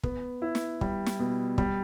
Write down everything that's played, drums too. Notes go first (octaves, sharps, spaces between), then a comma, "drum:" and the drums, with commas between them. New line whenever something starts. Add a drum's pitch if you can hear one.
B3, drum: kick
E4
drum: snare
G3, drum: kick
drum: snare
B2
G3, drum: kick